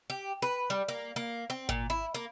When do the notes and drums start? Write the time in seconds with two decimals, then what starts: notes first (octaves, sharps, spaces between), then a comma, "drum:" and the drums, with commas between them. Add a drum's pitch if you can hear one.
0.10 G4
0.42 B4
0.70 G3
0.88 A#3
1.16 A#3
1.50 C4
1.69 A#2, drum: kick G#1
1.90 E4
2.15 A#3